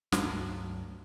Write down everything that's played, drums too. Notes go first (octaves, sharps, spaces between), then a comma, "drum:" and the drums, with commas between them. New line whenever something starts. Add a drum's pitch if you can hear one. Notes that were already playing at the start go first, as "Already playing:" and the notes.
C#2 G2 F#3 A3, drum: snare